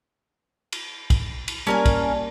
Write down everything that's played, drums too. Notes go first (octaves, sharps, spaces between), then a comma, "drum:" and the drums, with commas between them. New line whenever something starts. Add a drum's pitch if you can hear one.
drum: cymbal
drum: kick, cymbal
drum: cymbal
G3 A#3 C#4 G4 A#4 D5 G#5 A5
drum: kick, cymbal